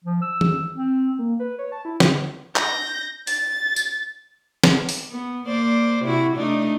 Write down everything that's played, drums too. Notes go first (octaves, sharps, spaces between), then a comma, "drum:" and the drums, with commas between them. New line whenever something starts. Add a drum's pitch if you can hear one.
F3
E6
drum: tom E3
C4
A#3
B4
C#5
A5
E4
D3, drum: snare
G6 A#6, drum: clap
A6, drum: open hi-hat
drum: tambourine
drum: snare
drum: open hi-hat
B3
A#3 C5 D5
C3 E4 F#4
A3 D4 D#4